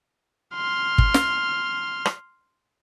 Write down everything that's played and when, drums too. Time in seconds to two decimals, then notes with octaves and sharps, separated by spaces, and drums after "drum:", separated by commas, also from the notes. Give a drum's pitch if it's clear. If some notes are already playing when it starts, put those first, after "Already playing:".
0.55 C6 F6
0.98 drum: kick
1.14 drum: snare
2.05 drum: rim click